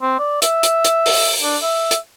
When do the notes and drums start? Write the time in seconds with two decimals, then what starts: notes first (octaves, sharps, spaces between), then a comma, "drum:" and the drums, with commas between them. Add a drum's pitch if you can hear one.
0.02 C4
0.19 D5
0.42 E5, drum: hi-hat
0.63 drum: hi-hat
0.84 drum: hi-hat
1.06 drum: open hi-hat
1.42 D4
1.62 E5
1.91 drum: hi-hat